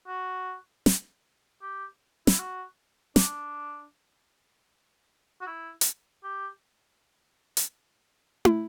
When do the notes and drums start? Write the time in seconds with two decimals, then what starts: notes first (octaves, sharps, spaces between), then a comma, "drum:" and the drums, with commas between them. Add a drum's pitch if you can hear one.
0.07 F#4
0.86 drum: snare
1.62 G4
2.27 E4, drum: snare
2.39 F#4
3.16 D4, drum: snare
5.41 F#4
5.47 E4
5.81 drum: hi-hat
6.24 G4
7.57 drum: hi-hat
8.45 drum: tom E4